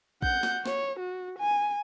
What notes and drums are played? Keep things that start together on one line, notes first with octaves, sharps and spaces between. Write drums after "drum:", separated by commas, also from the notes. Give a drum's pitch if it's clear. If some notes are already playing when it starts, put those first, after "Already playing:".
F#5 G6, drum: kick A#1
drum: snare
C#5, drum: snare
F#4
G#5